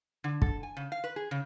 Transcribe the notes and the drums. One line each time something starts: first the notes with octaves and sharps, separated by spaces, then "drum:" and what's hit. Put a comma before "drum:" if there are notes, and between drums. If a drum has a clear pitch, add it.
D3
A4, drum: kick
G#5
C#3
F5
B4
G#4
C#3